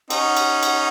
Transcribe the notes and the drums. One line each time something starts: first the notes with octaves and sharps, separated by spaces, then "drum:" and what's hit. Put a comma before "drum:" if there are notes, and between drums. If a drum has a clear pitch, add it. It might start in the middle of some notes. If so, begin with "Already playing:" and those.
C#4 D#4 F#5, drum: cymbal
drum: cymbal
drum: cymbal